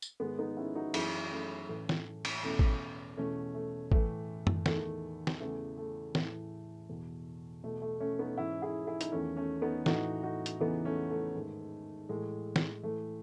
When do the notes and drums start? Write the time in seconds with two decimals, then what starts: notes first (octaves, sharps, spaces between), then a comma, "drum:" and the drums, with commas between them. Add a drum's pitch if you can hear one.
0.02 drum: tambourine
0.20 G#2 D#3 G#3 B3
0.39 B3 D#4
0.57 C#4 E4
0.75 D#4 F#4
0.94 F#2 E3 E4 G#4, drum: cymbal
1.31 A3 C#4
1.69 A2 E3
1.89 drum: snare
2.25 drum: cymbal
2.43 E2 B2 A3 C#4
2.59 drum: kick
3.17 E2 B2 A3 C#4
3.55 A3
3.92 A2 E3 A3, drum: kick
4.47 drum: tom F#2
4.66 E2 D#3 A3, drum: snare
5.27 drum: snare
5.40 E2 C#3 E3 A3
5.78 A3
6.15 A2 E3, drum: snare
6.89 E2 B2
7.63 E2 B2 A3
7.82 A3
8.00 A3 C#4
8.19 B3 D#4
8.37 G#2 E3 C#4 E4
8.62 E4 G#4
8.87 E4 G#4
9.01 D#4, drum: hi-hat
9.12 E2 D#3 A3 C#4
9.37 A3 C#4
9.62 B3 D#4
9.86 A2 E3 D#4 F#4, drum: snare
10.23 D#4 F#4
10.46 drum: hi-hat
10.60 E2 C#3 E3 B3 D#4
10.85 A3 C#4
11.10 A3
11.35 G#2 D#3
12.09 A2 E3 G#3
12.56 drum: snare
12.83 A2 E3 A3